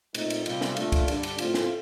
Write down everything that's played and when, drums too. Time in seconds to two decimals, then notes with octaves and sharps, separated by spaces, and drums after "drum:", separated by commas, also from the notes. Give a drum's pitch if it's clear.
0.15 A#2 A3 C4 D#4, drum: cymbal
0.30 drum: cymbal
0.46 C3 G3 C4 F4, drum: cymbal
0.61 drum: snare
0.77 A#2 A3 D4 F4, drum: cymbal
0.92 drum: kick C2, cymbal
1.08 G2 D3 G3 D4, drum: cymbal
1.23 drum: cymbal
1.38 A2 A3 C4 F4, drum: cymbal
1.54 drum: snare